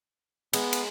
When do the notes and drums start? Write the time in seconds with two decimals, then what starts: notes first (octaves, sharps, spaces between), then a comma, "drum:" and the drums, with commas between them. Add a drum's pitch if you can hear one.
0.53 G#3 B3, drum: cymbal
0.73 drum: cymbal